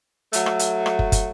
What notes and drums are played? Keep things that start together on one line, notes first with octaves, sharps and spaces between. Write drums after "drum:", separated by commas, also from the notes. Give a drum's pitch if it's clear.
F#3 A3, drum: hi-hat
drum: rim click
drum: hi-hat
drum: rim click
drum: kick
drum: kick, hi-hat